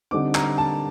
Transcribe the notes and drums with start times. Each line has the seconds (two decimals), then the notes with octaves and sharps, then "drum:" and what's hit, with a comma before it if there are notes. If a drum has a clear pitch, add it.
0.11 D3 G3 C4 D#4 D6
0.35 A#5, drum: clap
0.58 A5